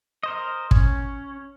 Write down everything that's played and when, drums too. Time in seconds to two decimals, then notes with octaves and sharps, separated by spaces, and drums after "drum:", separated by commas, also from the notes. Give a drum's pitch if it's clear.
0.23 A#4 C5 D#5
0.71 C#4, drum: kick